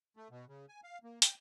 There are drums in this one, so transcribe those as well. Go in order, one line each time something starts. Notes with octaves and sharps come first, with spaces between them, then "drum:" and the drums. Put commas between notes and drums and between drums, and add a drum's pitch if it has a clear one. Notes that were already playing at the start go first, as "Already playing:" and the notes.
A3
B2
C#3
G#5
F5
A#3
G5, drum: hi-hat